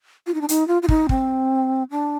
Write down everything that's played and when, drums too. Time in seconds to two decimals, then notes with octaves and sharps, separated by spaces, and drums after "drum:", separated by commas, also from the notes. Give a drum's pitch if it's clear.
0.27 F4
0.34 D#4
0.41 D4
0.49 D#4, drum: hi-hat
0.68 F4
0.82 F4
0.89 D#4, drum: kick
1.09 C4, drum: kick
1.91 D4